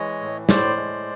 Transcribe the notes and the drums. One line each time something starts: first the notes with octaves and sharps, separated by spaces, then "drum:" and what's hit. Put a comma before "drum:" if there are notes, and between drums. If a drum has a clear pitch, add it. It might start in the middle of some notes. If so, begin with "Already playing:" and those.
Already playing: E3 G#3 C#5 D#5
A2
A2 C5 D5, drum: snare
G#3